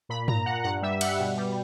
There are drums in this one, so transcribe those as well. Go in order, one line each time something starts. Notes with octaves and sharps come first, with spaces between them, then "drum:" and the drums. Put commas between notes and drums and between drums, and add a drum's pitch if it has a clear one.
A#2 B5
A#2 A#5, drum: tom
A#2 F#5
G2 F#5
G3 E5
G3 F#5, drum: cymbal
B2
G3